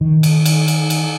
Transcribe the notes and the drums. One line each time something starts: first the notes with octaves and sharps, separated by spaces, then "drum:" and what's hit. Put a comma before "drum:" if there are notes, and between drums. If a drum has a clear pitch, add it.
D#3
drum: cymbal
drum: cymbal
drum: cymbal
drum: cymbal